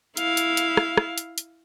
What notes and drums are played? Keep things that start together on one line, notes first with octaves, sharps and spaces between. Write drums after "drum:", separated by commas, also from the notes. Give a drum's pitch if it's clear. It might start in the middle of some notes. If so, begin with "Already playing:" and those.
E4 F5, drum: hi-hat
drum: hi-hat
drum: hi-hat
drum: rim click
drum: rim click
drum: hi-hat
drum: hi-hat